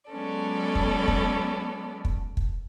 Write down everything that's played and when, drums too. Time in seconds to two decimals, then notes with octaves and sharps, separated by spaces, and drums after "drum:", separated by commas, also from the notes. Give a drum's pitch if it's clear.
0.11 F#3 G#3 B3 C#4 A4 D5
0.75 drum: kick
1.08 drum: kick
2.05 drum: kick
2.37 drum: kick